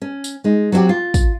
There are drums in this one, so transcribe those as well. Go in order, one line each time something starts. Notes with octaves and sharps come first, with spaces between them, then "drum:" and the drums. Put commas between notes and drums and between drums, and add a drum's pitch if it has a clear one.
C#4
drum: tambourine
G#3 D#4
F#3 C4 D4 F#4 G4
F4
drum: kick, tambourine